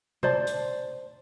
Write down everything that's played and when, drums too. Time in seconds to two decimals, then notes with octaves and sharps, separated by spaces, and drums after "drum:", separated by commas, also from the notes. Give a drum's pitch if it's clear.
0.23 C5 D5 A5, drum: tom B2
0.47 drum: hi-hat